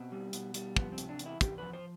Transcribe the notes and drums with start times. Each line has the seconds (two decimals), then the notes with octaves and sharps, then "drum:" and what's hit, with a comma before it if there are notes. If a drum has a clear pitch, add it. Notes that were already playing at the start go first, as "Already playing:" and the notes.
Already playing: B2 C4
0.12 G3
0.33 B2, drum: hi-hat
0.54 G3, drum: hi-hat
0.76 F3 B3, drum: kick
0.92 C4
0.98 C3, drum: hi-hat
1.09 D4
1.19 E2, drum: hi-hat
1.25 E4
1.41 E2 G4, drum: kick, hi-hat
1.58 F3 B4
1.73 C5